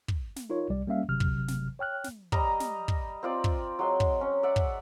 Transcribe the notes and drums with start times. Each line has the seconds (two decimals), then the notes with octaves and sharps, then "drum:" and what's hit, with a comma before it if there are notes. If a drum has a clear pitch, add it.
0.08 drum: kick
0.36 drum: snare
0.50 D#4 F4 A#4 C#5
0.69 C2 G3 D5
0.87 G3 A#3 C#4 E5 F5
1.09 G1 C3 F#3 F6
1.20 drum: kick
1.48 drum: snare
1.79 C#5 G5 F6 F#6
2.04 drum: snare
2.32 G3 D#5 A#5, drum: kick
2.60 drum: snare
2.88 drum: kick
3.23 C4 F4 D5
3.44 drum: kick
3.79 F#3 G#3 C6
4.00 drum: kick
4.21 C#4
4.43 D5 E5 F#5
4.56 drum: kick